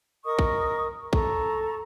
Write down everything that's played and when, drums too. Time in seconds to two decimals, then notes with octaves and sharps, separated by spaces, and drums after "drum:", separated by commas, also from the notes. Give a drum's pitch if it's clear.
0.24 A#4 D#5 C#6 D#6
0.39 drum: kick
1.13 A4 A#5 C#6, drum: kick